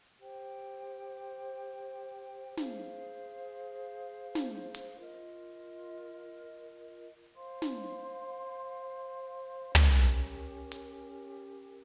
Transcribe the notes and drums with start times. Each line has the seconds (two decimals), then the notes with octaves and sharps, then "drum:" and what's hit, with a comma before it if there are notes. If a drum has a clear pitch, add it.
0.20 G4 C5 G5
2.57 G#4 C5 F5, drum: snare
4.35 drum: snare
4.75 drum: hi-hat
4.97 F4 A#4 D#5
7.36 C5 F5 C6
7.62 drum: snare
9.75 C#4 G4 A#4, drum: tom
10.72 drum: hi-hat